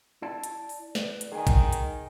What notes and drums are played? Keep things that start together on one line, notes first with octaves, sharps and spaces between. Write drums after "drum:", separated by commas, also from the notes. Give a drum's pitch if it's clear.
E4 D5 A5
drum: hi-hat
drum: open hi-hat
B4 D5, drum: snare
drum: hi-hat
D#3 G#4 G#5
drum: kick A1, hi-hat
drum: hi-hat